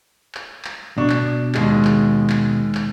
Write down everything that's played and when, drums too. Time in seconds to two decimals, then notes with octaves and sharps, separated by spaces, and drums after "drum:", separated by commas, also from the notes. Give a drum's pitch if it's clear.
0.35 drum: clap
0.65 drum: clap
0.98 B2 D4 C#6
1.10 drum: clap
1.55 D#2 G#3, drum: clap
1.85 drum: clap
2.30 drum: clap
2.75 drum: clap